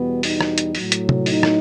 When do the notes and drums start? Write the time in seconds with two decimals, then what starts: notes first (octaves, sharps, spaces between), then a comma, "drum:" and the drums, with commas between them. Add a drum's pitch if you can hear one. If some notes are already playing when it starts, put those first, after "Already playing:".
Already playing: E2 B2 G3 B3
0.23 D#4, drum: open hi-hat
0.41 drum: rim click
0.58 drum: hi-hat
0.75 A2 F#3, drum: open hi-hat
0.92 drum: hi-hat
1.09 drum: tom C3
1.26 D#4, drum: open hi-hat
1.43 drum: rim click